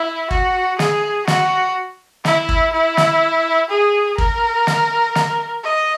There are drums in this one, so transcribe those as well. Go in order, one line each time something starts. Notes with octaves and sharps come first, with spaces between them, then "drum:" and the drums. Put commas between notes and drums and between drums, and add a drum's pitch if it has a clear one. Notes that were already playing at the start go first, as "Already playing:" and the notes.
Already playing: E4
F#4, drum: kick
G#4, drum: snare
F#4, drum: snare
E4, drum: snare
drum: kick
E4
drum: snare
G#4
A#4, drum: kick
drum: snare
drum: snare
D#5